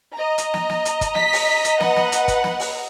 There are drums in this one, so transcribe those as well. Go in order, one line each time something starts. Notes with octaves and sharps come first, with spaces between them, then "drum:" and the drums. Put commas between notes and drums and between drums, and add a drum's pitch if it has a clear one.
D#5 A#5
drum: hi-hat
drum: snare
drum: snare
drum: hi-hat
drum: kick, hi-hat
B6, drum: snare
drum: open hi-hat
drum: hi-hat
B4 F#5, drum: snare
drum: snare
drum: hi-hat
drum: kick, hi-hat
drum: snare
drum: open hi-hat